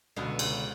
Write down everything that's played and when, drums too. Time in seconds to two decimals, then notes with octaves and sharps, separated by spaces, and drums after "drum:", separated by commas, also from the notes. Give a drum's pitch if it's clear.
0.17 C#2 B2 D3
0.39 C#2, drum: cymbal